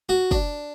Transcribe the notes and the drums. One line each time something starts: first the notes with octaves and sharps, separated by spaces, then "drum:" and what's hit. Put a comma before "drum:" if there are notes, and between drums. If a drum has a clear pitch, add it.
F#4
D4, drum: kick